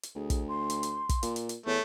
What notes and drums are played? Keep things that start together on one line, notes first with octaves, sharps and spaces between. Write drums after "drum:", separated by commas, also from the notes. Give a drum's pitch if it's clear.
drum: hi-hat
D2 G#4
drum: kick, hi-hat
C6
drum: hi-hat
drum: hi-hat
drum: kick, hi-hat
A#2, drum: hi-hat
drum: hi-hat
drum: hi-hat
E2 A3 C#5